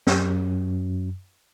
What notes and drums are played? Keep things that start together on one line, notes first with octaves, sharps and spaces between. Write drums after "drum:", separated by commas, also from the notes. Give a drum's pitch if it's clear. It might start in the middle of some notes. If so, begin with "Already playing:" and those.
F#2, drum: snare